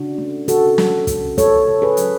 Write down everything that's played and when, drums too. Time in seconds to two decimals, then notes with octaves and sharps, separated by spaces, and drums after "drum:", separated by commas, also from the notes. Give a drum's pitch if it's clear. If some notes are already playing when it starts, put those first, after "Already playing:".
Already playing: C#3 D4 F#4
0.18 A3
0.48 C#3 F#4 A4, drum: hi-hat
0.78 F#3, drum: snare
1.07 C#3, drum: kick, hi-hat
1.38 A3 A4 C#5, drum: kick, hi-hat
1.68 C#3
1.82 G#4 B4
1.97 F#3, drum: hi-hat